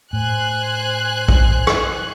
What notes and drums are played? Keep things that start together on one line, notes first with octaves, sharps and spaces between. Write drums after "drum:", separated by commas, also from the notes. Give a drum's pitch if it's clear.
A2 C5 G#5 F#6
drum: kick A#1
drum: rim click